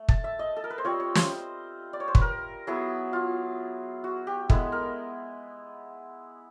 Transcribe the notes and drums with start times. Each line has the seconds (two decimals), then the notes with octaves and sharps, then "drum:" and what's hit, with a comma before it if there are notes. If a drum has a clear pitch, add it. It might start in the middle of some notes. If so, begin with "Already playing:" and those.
Already playing: A3
0.09 A5, drum: kick
0.24 E5
0.39 D#5
0.57 A4
0.64 A#4
0.70 B4
0.78 C5
0.85 G3 C4 F4 C#5
1.00 C#5
1.15 C5, drum: snare
1.93 D5
2.00 C#5
2.08 C5
2.15 B4, drum: kick
2.21 A#4
2.67 F#3 B3 E4 G#4
3.13 F4
4.04 F#4
4.27 G4
4.50 G#3 B3 E4 A4, drum: kick
4.72 A#4